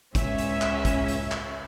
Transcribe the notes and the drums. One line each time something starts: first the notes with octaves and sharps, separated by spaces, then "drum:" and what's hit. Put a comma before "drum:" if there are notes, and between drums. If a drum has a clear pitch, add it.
C#2 C#4 E5, drum: kick, hi-hat
drum: hi-hat
drum: clap
drum: kick, hi-hat
drum: hi-hat
drum: clap